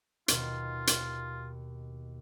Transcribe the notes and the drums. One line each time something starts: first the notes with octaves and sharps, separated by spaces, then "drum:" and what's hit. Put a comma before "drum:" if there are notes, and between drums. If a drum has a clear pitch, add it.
D#2 B2 F4, drum: hi-hat
drum: hi-hat